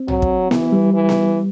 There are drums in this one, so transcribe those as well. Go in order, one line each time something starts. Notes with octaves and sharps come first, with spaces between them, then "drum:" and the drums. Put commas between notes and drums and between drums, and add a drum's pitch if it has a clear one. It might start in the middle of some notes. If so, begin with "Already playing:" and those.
Already playing: C4
F#3, drum: tom
drum: kick
E3 B3, drum: snare B3
G3
E3
drum: snare B3